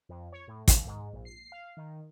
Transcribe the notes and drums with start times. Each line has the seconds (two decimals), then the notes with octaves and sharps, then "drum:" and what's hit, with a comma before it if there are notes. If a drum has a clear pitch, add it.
0.09 F2
0.32 C#5
0.48 A2
0.68 D#2, drum: kick, hi-hat
0.87 G#2
1.13 A#1
1.25 C7
1.52 F5
1.77 D#3